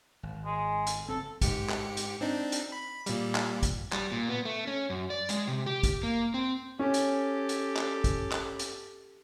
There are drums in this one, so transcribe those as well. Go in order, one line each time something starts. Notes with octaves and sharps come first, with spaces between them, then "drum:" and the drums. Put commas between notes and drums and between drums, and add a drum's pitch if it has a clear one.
G#1
G#3
drum: hi-hat
F#1 C4 A4
G#2 G4 C#7, drum: kick A1, hi-hat
drum: clap
drum: hi-hat
C4 D4 D#4
drum: hi-hat
B5
A#2 G3, drum: hi-hat
drum: clap
drum: kick A1, hi-hat
G3, drum: clap
A#2
B3
A3
C#4
F#2
D5
G#3, drum: hi-hat
C3
G4
drum: kick A1, hi-hat
A#3
C4
C#4 G4 A4
drum: hi-hat
drum: hi-hat
drum: clap
drum: kick A1, hi-hat
drum: clap
drum: hi-hat